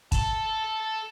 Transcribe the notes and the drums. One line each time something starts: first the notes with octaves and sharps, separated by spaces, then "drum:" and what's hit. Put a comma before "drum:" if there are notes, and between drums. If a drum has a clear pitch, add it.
A4 A5, drum: kick, hi-hat